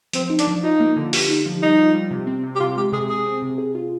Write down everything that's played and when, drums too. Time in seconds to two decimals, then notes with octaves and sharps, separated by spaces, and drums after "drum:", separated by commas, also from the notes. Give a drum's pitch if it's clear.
0.13 F3 C4, drum: hi-hat
0.30 D#4
0.39 D4, drum: hi-hat
0.47 F3
0.63 D#4 F4
0.80 A#3
0.97 D3
1.13 G4, drum: open hi-hat
1.29 D#4
1.46 F3
1.62 G3 D#4
1.78 F4
1.95 G3
2.11 C3
2.27 C4
2.43 C3
2.56 G4
2.60 C3 F4
2.77 G#3 G4
2.93 C3 G#4
3.09 C3 G#4
3.26 C4
3.42 C3
3.58 G#4
3.75 F4